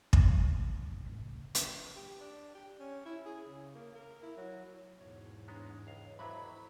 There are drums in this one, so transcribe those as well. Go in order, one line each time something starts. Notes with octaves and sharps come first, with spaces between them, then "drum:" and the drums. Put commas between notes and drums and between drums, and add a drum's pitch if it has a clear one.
D2, drum: kick
G3
D#2
F#3
G#2
F#1
B2
A1
C#3
C#3
A#3, drum: hi-hat
G4
D4
G4
C#4
E4
G#4
C#3
A#3
A#4
E4
F#3
B1 E2 G#2 C#5
G#3 B3 D4 C#5 A#5
C#2 F5
F2 C3 F#3 E4 B4 E5 B5